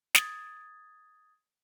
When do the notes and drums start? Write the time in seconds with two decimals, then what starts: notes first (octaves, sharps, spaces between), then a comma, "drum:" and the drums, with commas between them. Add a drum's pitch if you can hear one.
0.15 D#6 G#6 A6, drum: snare